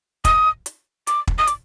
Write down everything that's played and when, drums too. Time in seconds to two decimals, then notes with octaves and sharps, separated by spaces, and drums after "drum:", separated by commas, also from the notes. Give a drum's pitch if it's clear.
0.25 D#6, drum: kick, hi-hat
0.66 drum: hi-hat
1.07 D6, drum: hi-hat
1.27 drum: kick
1.38 D#6
1.47 D6, drum: hi-hat